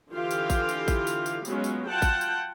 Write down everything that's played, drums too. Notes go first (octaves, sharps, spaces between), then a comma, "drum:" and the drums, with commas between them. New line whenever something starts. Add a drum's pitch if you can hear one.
D3 E3 F4 G4 F5
drum: tambourine
drum: kick A1, tambourine
drum: tambourine
drum: kick A1, tambourine
drum: tambourine
drum: tambourine
F#3 G#3 B3 C#4 F4, drum: tambourine
drum: tambourine
F4 F#5 G5 A5
drum: kick A1, tambourine
drum: tambourine